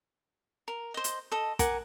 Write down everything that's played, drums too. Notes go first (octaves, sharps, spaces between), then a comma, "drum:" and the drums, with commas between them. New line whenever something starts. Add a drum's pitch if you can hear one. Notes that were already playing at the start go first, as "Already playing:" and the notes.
A#4
C5 D#5
drum: hi-hat
A4 D#5
A#4 F#5 G#5 D6, drum: kick, hi-hat